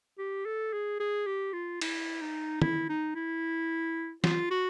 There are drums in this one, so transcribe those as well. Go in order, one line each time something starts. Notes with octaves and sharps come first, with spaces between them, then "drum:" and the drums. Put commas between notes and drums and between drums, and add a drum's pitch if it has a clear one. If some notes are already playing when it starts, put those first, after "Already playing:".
G4
A4
G#4
G#4
G4
F4
E4, drum: cymbal
D#4
E4, drum: tom
D#4
E4
F4, drum: snare E3
F#4